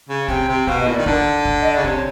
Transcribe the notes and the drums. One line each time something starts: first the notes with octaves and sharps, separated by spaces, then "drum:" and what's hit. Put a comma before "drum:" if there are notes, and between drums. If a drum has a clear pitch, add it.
C#3
C3 G5, drum: kick
C3
B2 F5, drum: kick
D#5
A#2
D#3 D5
D3, drum: kick
drum: kick
D#5
C#3 D5
C3 C#5, drum: kick